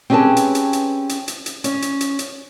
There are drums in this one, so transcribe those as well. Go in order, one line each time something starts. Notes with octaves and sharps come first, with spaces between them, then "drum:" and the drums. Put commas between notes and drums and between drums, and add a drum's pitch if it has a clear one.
C4 C#4 G4 G#4 B4 A5
drum: hi-hat
drum: hi-hat
drum: hi-hat
drum: hi-hat
drum: hi-hat
drum: hi-hat
C#4, drum: hi-hat
drum: hi-hat
drum: hi-hat
drum: hi-hat